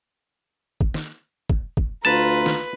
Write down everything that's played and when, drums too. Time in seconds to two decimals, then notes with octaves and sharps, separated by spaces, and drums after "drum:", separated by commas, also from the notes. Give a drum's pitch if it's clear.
0.81 drum: kick
0.94 drum: snare
1.50 drum: kick
1.77 drum: kick
2.05 D2 F4 B4 A5 A#5
2.46 drum: snare